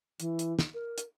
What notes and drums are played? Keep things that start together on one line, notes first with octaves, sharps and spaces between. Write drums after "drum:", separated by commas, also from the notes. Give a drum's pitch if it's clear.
E3, drum: hi-hat
drum: hi-hat
drum: snare
A#4
drum: hi-hat